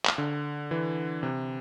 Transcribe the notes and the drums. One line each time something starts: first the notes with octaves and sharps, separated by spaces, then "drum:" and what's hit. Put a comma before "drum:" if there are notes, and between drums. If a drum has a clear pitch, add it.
drum: clap
D3
E3
C3